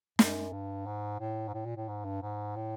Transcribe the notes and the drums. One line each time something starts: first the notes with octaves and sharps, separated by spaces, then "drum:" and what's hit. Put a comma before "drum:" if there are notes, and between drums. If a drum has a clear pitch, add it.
F#2, drum: snare
G2
G#2
A2
G#2
A2
A#2
A2
G#2
G2
G#2
A2